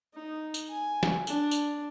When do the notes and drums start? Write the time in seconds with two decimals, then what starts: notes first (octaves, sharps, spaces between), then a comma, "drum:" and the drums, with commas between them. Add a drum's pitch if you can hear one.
0.14 D#4
0.54 drum: tambourine
0.70 G#5
1.03 drum: snare
1.27 D4, drum: tambourine
1.51 drum: tambourine